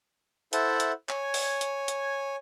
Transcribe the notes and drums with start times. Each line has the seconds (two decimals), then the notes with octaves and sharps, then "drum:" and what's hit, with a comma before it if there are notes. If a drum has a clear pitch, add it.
0.53 E4 A4 C5 E5 F#5 A5, drum: hi-hat
0.80 drum: hi-hat
1.09 C#5 G#5, drum: clap
1.34 drum: open hi-hat
1.61 drum: hi-hat
1.88 drum: hi-hat